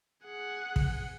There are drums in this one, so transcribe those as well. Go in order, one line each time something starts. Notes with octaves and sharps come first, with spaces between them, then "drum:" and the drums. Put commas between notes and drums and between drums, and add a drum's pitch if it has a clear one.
G#4 F#5
drum: kick